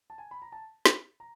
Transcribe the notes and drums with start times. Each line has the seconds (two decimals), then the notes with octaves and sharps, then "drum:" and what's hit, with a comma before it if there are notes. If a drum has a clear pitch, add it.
0.10 A5
0.18 G#5
0.31 B5
0.42 A#5
0.52 A5
0.86 B5, drum: snare
1.20 A#5